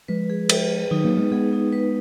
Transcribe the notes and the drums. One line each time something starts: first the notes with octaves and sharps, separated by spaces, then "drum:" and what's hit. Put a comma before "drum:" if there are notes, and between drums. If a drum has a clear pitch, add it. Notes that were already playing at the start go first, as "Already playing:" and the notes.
F3 G#3 B4
G#4
B4, drum: cymbal
G#4
D#3 F#3 D#4
F#3 A#3
D#4
G#3 B3
G#3 B3 G#4
D#4
B4